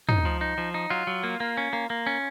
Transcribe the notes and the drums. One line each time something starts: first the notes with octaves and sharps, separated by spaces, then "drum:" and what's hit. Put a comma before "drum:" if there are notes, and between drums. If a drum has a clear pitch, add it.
D#4, drum: tom
F3
D#4
F3
D#4
F#3 F4
F#3
A#3
A#3
C#4
A#3
A#3
C#4